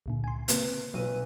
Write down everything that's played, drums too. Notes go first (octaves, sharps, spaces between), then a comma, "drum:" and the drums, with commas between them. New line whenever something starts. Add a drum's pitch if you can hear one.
C#2 A#2 D3
G#5 C6
C#3 A#3 C4 B4, drum: hi-hat
B1 F#3 B4 D#7